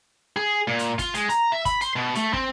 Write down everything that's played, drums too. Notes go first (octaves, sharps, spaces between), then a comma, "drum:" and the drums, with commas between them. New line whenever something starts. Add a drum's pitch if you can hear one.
G#4
A#2
drum: hi-hat
F4, drum: kick, hi-hat
G#3, drum: hi-hat
A#5, drum: hi-hat
E5
B5, drum: kick, hi-hat
C5, drum: hi-hat
B2
A3, drum: hi-hat
C4, drum: kick